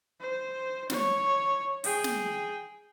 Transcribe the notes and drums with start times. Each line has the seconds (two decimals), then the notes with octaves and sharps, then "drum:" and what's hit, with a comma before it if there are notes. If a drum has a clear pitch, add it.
0.21 C5
0.90 C#5, drum: snare
1.84 G#4 G5, drum: open hi-hat
2.04 drum: snare